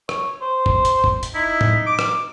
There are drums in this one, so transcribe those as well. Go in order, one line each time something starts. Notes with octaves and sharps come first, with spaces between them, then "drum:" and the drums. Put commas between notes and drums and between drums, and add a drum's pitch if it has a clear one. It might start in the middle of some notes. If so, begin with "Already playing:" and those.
C#5, drum: rim click
C5
drum: kick
drum: hi-hat
drum: kick
drum: hi-hat
D#4 E4
drum: tom A2
D6
drum: rim click